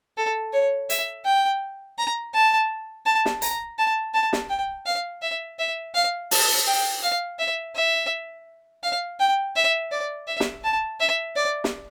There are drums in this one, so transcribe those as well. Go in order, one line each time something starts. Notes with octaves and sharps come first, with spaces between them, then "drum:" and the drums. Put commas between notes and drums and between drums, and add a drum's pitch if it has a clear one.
A4
C#5
E5, drum: hi-hat
G5
A#5
A5
A5
drum: snare
A#5, drum: hi-hat
A5
A5
drum: snare
G5
F5
E5
E5
F5
A5, drum: open hi-hat
G5
F5
E5
E5
F5
G5
E5
D5
E5
drum: snare
A5
E5
D5
drum: snare